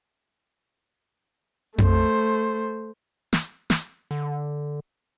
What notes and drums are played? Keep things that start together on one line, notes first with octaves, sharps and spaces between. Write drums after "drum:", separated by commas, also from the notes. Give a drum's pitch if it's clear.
A3 C5, drum: tom F2
drum: snare
drum: snare
D3